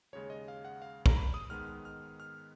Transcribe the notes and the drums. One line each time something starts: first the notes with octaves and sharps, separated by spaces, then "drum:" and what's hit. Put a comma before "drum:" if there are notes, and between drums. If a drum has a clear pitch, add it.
D#2 C#3 G#3 C#5
D#5
F5
F#5
F5
A#5, drum: kick
B5
D#6
G#2 D#3 G#3 B3 F6
F6
F6